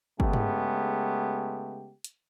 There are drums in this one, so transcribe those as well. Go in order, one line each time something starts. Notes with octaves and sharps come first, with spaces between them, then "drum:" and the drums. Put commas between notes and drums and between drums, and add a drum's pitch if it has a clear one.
C#3 G#3 A3 B3 G4, drum: kick
drum: tom
drum: hi-hat